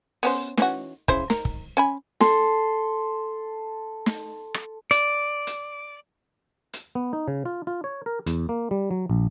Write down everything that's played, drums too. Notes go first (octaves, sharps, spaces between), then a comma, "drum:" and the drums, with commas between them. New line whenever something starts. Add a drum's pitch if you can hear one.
B3 C#4 C5, drum: open hi-hat
E3 C#4 F#4, drum: snare
C#3 E4 C5, drum: kick
A#4, drum: snare
drum: kick
C#4 G#5 B5
A4 C6, drum: snare
drum: snare
drum: rim click
D5, drum: hi-hat
drum: hi-hat
drum: hi-hat
B3
D#4
C#3
F4
F4
C#5
A#4
E2, drum: hi-hat
A#3
G3
F#3
A#1